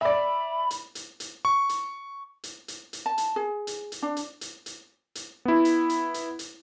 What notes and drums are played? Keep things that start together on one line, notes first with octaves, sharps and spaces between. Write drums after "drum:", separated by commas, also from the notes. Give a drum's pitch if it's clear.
D5 E5 B5
drum: hi-hat
drum: hi-hat
drum: hi-hat
C#6
drum: hi-hat
drum: hi-hat
drum: hi-hat
drum: hi-hat
A5
drum: hi-hat
G#4
drum: hi-hat
drum: hi-hat
D4
drum: hi-hat
drum: hi-hat
drum: hi-hat
drum: hi-hat
B3 E4
drum: hi-hat
drum: hi-hat
drum: hi-hat
drum: hi-hat